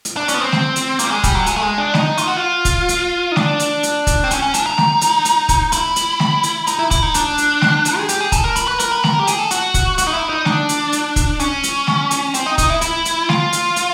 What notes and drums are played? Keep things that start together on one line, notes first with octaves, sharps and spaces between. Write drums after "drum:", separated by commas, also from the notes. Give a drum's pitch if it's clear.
drum: hi-hat
D4
C#4, drum: hi-hat
B3
C4
drum: snare
drum: hi-hat
A#3, drum: hi-hat
G3
G#3
G3, drum: kick, hi-hat
F#3
G#3, drum: hi-hat
A3
G#3
D4
D#4, drum: snare
F4, drum: hi-hat
F#4
F4
drum: kick, hi-hat
drum: hi-hat
D#4
D4, drum: snare
drum: hi-hat
drum: hi-hat
drum: kick, hi-hat
C4
C#4, drum: hi-hat
C#4
D4, drum: hi-hat
D#4
drum: snare
drum: hi-hat
drum: hi-hat
drum: kick, hi-hat
E4, drum: hi-hat
drum: hi-hat
drum: snare
drum: hi-hat
D#4, drum: hi-hat
E4
E4, drum: kick, hi-hat
D#4
D4, drum: hi-hat
drum: hi-hat
drum: snare
drum: hi-hat
G#4
G4, drum: hi-hat
G#4
A4, drum: kick, hi-hat
A#4
B4, drum: hi-hat
B4
A#4, drum: hi-hat
B4
A#4, drum: snare
G4
G#4, drum: hi-hat
A4
F#4, drum: hi-hat
drum: kick, hi-hat
F#4, drum: hi-hat
D#4
E4
D#4
D4, drum: snare
drum: hi-hat
drum: hi-hat
drum: kick, hi-hat
C#4, drum: hi-hat
drum: hi-hat
drum: snare
drum: hi-hat
C4, drum: hi-hat
D#4
D#4, drum: kick, hi-hat
E4
E4, drum: hi-hat
drum: hi-hat
F4, drum: snare
drum: hi-hat
drum: hi-hat